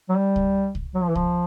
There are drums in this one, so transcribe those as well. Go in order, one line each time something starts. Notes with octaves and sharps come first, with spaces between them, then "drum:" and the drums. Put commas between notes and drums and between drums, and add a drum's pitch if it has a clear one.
F#3
G3
drum: kick C2
drum: kick C2
F#3
F3
E3
F3, drum: kick C2